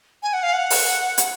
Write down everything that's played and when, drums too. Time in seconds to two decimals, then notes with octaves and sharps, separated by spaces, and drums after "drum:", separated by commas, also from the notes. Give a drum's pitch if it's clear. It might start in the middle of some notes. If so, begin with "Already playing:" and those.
0.23 G#5
0.33 F#5
0.43 F5
0.53 F#5
0.70 drum: open hi-hat
1.18 drum: hi-hat